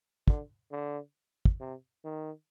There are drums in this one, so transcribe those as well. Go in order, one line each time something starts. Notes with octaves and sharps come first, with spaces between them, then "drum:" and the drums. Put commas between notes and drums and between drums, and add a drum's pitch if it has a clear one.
D3, drum: kick
D3
drum: kick
C3
D#3